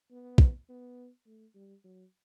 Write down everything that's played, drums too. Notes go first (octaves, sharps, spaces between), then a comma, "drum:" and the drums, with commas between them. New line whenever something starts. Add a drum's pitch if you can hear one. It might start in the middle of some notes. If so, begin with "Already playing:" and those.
B3
drum: kick
B3
A3
G3
F#3